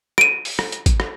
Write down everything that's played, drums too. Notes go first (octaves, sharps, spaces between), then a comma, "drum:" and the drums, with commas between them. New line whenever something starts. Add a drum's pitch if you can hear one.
D7 D#7, drum: rim click
drum: open hi-hat
drum: rim click
drum: hi-hat
drum: kick G#1, hi-hat
drum: rim click